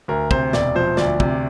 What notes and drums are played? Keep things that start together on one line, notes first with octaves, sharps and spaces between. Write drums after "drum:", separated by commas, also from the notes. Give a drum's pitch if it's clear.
D2 A#4
C3 C5, drum: kick
E1 D5, drum: snare
F3 C5
D2 D5, drum: snare
C3, drum: kick